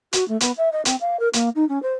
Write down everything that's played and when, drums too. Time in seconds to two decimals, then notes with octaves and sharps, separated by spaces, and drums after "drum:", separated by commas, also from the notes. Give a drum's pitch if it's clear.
0.13 F#4, drum: hi-hat
0.28 A3
0.41 B3, drum: hi-hat
0.57 E5
0.72 D#5
0.85 C4, drum: hi-hat
1.01 F5
1.19 A#4
1.33 A#3, drum: hi-hat
1.55 D#4
1.69 C#4
1.82 C5